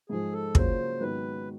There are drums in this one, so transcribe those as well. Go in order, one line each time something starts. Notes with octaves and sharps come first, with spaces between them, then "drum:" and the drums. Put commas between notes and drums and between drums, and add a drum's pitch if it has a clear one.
G#2 F3 G#3 G#4
A4
C#3 F#3 A#3 C#4 F4 C5, drum: kick
G#2 D#3 F#3 B3 B4